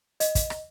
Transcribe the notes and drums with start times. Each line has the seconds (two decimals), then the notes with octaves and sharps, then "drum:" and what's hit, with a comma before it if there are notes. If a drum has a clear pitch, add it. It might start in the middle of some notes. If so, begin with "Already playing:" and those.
0.20 D#5, drum: hi-hat
0.35 drum: kick, hi-hat
0.50 drum: rim click